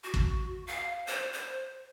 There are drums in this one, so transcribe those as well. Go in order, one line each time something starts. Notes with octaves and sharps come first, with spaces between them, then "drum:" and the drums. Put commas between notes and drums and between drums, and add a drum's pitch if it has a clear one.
F#4
drum: kick
F5
C5
C5